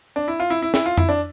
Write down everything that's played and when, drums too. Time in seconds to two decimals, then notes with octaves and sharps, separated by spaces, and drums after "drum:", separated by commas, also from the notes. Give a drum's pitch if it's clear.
0.16 D4
0.28 E4
0.40 F4
0.50 E4
0.62 E4
0.74 E4, drum: snare
0.86 F4
0.97 E4, drum: tom F2
1.09 D4